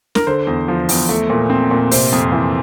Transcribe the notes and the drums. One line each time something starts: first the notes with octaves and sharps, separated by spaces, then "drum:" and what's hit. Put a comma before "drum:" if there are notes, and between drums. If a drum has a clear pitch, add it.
A#4, drum: snare
D3 C5
E2
F3
E2, drum: open hi-hat
A3
A#2
C4
A#2
C3 C5, drum: open hi-hat
F2
E3